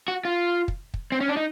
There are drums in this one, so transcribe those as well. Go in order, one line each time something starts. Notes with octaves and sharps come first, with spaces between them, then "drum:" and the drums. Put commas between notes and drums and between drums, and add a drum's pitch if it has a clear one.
F#4
F4
drum: kick
drum: kick
C4
C#4
D4
D#4